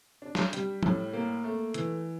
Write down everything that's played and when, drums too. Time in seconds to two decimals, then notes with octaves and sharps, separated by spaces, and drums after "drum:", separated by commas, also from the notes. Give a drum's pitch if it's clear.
0.22 D4
0.35 drum: snare
0.53 G3, drum: hi-hat
0.83 A2, drum: tom
1.13 A#3
1.44 A3
1.74 E3, drum: hi-hat